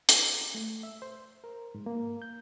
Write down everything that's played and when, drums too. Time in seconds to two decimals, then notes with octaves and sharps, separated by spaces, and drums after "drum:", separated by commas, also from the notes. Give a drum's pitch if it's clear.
0.09 drum: hi-hat
0.55 A3
0.83 E5
1.02 C5
1.44 A#4
1.75 G#2
1.86 A#3
2.22 G6